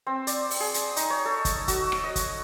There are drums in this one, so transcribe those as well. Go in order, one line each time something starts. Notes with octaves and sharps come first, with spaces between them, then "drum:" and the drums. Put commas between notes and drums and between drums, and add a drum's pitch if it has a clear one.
C4
D5, drum: hi-hat
drum: open hi-hat
G#4
drum: hi-hat
D#4, drum: hi-hat
C#5
A4
drum: kick, hi-hat
F#4, drum: kick, hi-hat
drum: rim click
D#5
drum: kick, hi-hat